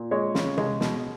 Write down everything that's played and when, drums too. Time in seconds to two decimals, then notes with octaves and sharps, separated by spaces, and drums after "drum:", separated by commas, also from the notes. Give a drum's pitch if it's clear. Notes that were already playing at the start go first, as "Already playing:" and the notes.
Already playing: A#2
0.11 G#3 C#5
0.35 C#3, drum: snare
0.57 G#3, drum: tom C3
0.81 B2, drum: snare